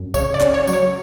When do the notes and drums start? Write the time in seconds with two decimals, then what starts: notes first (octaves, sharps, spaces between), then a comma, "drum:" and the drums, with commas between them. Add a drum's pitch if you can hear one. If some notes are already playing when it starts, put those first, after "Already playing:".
Already playing: F#2
0.14 C#3 C#5, drum: kick, tambourine
0.34 D5
0.40 C#4, drum: clap
0.54 C#5
0.67 F#3, drum: tambourine
0.73 C#5